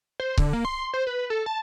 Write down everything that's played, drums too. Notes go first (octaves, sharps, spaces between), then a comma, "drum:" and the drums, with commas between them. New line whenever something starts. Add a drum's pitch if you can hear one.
C5
D3, drum: kick C#1
A#3
C6
C5
B4
A4
A5